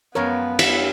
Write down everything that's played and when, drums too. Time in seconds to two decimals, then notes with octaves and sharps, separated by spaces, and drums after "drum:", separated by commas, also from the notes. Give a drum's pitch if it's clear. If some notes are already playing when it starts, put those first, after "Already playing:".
0.15 F#2 F3 G#3 B3 A#4 C#5
0.59 E5, drum: cymbal